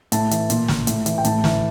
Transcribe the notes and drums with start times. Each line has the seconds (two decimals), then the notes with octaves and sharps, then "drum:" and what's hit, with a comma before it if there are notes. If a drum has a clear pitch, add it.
0.12 A2 A5, drum: hi-hat
0.31 E3, drum: hi-hat
0.50 A#2, drum: hi-hat
0.68 drum: snare
0.87 A2, drum: hi-hat
1.06 E3, drum: hi-hat
1.18 G5
1.25 A2 A5, drum: hi-hat
1.44 E3, drum: snare